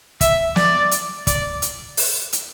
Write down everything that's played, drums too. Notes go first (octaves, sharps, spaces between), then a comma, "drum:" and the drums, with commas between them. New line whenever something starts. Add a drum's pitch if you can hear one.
E5, drum: kick, hi-hat
D5, drum: snare
drum: hi-hat
D5, drum: kick, hi-hat
drum: hi-hat
drum: open hi-hat
drum: hi-hat